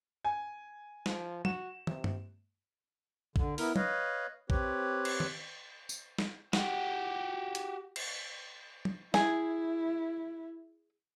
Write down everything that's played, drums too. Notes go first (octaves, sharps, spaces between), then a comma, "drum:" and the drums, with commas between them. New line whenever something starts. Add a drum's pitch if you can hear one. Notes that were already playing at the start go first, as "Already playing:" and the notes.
G#5
F3, drum: snare
F#4 E7, drum: tom
C3, drum: tom
drum: tom G2
D3, drum: kick
B3 E4 A#4, drum: open hi-hat
B4 C#5 D#5 F5, drum: tom
C4 G4 B4 C#5, drum: kick
drum: cymbal
drum: tom
drum: tambourine
drum: snare
F#4 G4, drum: snare
drum: hi-hat
drum: cymbal
drum: tom
E4 G#4, drum: snare